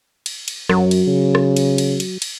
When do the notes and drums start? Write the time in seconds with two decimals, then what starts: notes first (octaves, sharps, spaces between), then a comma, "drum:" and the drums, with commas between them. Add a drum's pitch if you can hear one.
0.26 drum: cymbal
0.48 drum: cymbal
0.69 F#2 F#3, drum: rim click
0.91 drum: cymbal
1.07 C#3
1.35 drum: rim click
1.57 drum: cymbal
1.78 drum: cymbal
2.00 drum: cymbal
2.22 drum: cymbal